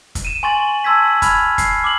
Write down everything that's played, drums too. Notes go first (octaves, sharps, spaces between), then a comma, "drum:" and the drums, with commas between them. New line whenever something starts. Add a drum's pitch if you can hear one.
drum: kick, hi-hat
D#7 E7
G#5 C6 C#6 A6 F#7
A5 C6 E6 G#6 B6
B5 F6 G#6, drum: kick, hi-hat
C7, drum: kick, hi-hat
D6 F6 F#7